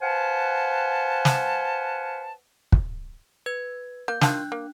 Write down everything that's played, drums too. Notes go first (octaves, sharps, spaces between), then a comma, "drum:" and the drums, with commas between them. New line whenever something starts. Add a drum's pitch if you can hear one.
B4 C5 F5 F#5 G#5 A5
drum: snare
drum: kick
B4 G#6
A#3 G6
D#3 D4 F4 A5 F#6, drum: snare
A#3